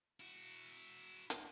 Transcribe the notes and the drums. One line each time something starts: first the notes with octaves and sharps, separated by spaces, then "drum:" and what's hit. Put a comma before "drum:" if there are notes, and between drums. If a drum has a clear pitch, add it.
E4 F#4
drum: hi-hat